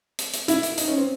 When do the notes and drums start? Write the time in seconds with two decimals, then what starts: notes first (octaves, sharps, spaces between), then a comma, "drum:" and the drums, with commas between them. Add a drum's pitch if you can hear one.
0.19 drum: hi-hat
0.33 drum: hi-hat
0.48 E4, drum: hi-hat
0.63 drum: hi-hat
0.78 D#4, drum: hi-hat
0.88 C#4
0.97 C4